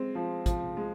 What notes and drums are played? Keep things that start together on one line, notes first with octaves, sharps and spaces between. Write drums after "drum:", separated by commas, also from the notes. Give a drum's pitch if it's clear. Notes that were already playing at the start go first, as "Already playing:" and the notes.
Already playing: G#3 C4
F3
F3, drum: kick, hi-hat
G#3